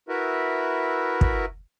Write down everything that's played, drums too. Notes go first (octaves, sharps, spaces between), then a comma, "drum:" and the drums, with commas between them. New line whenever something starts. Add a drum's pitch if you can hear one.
E4 F#4 A#4 B4 E5
drum: kick